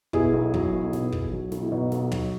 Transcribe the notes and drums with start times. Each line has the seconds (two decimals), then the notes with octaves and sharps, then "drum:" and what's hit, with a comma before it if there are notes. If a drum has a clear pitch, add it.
0.13 B2 E4 G#4, drum: kick
0.33 B1
0.54 F#3, drum: kick
0.73 B1
0.93 B2, drum: snare
1.12 B1, drum: kick
1.32 F#3
1.52 B1, drum: snare
1.62 E4
1.71 B2 D#4 F#4
1.92 B1, drum: snare
2.11 F#3, drum: tom